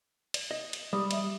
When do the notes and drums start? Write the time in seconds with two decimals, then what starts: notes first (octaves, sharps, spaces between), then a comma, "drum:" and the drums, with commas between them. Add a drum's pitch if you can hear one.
0.34 D5, drum: cymbal
0.51 D#5
0.73 drum: cymbal
0.93 G3 D#6
1.11 D#5 E5, drum: cymbal